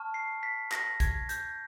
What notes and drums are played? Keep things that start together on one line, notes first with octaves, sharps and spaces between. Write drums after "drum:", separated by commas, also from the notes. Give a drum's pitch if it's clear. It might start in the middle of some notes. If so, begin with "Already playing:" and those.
Already playing: A5 C#6 F6
C7
B6
A#6, drum: clap
G#6, drum: kick, hi-hat
G6, drum: hi-hat